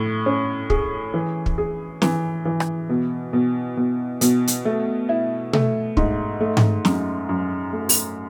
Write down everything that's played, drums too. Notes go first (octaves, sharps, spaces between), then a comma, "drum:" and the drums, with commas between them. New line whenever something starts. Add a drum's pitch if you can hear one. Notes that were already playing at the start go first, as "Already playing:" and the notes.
Already playing: A2
C#4
G#4, drum: kick
E3
drum: kick
G#4
E3, drum: snare
E3
drum: rim click
B2
B2
B2
B2, drum: hi-hat
drum: hi-hat
A3
E4
A3, drum: tom B2
G#2, drum: kick
A3
drum: tom G#2
F#2, drum: snare
F#2
A3
drum: open hi-hat